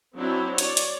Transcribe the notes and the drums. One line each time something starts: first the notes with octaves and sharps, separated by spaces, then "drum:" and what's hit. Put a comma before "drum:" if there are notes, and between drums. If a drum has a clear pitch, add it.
F#3 C4 D4 E4
C#5 D5, drum: hi-hat
drum: hi-hat